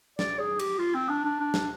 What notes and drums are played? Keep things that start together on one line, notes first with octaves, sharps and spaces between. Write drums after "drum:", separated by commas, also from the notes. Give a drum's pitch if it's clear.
D5, drum: snare
G#4
G4, drum: cymbal
F4
C4
D4
D4
D4
drum: snare